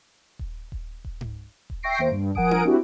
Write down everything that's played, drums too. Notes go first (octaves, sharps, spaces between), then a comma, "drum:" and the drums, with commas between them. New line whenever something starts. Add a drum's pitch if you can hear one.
drum: kick D#1
drum: kick D#1
drum: kick D#1
drum: tom G#2
drum: kick D#1
E5 G5 C#6 A#6 C7 D7
D#2 A#3 C5 D7
G2
F3 A#4 F#5 G#5 D#6 D7, drum: kick D#1
drum: tom D4
C4 D4 E4 F#4 G4